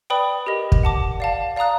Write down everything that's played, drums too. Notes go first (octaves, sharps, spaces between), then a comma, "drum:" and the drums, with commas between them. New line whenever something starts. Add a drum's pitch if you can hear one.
B4 D5 G5 B5 D#6
G4 A#4 D#5
drum: kick
F#5 A5 D6
D5 F5 A5
D5 F5 A#5 D#6 F#6